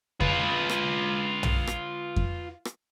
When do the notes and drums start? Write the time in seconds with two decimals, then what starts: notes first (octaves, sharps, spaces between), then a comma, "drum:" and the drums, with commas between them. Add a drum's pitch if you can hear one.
0.21 F4 B4, drum: kick F2
0.69 drum: rim click
1.43 drum: tom
1.67 drum: rim click
2.16 drum: kick F2
2.65 drum: rim click